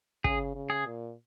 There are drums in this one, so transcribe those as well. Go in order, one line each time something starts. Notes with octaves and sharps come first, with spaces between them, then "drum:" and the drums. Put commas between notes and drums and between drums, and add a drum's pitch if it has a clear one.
C#3 G#4, drum: kick
C#3
G#4
A#2